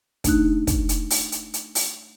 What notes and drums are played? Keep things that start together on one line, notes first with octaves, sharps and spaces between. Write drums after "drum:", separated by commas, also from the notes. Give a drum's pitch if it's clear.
A3 D4 D#4 F#6, drum: kick, hi-hat
drum: kick, hi-hat
drum: hi-hat
drum: open hi-hat
drum: hi-hat
drum: hi-hat
drum: open hi-hat